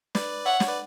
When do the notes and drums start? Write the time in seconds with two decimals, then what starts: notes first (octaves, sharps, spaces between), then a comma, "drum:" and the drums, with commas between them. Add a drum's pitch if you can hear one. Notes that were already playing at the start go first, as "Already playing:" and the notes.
0.15 B4 D5, drum: snare
0.46 C#5 E5 F#5
0.60 C#5, drum: snare
0.67 B4 D5